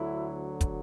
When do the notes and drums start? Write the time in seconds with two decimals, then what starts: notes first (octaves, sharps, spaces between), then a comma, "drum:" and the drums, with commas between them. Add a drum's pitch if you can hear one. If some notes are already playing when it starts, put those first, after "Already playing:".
Already playing: D2 D3 F#3 E4
0.61 drum: kick, hi-hat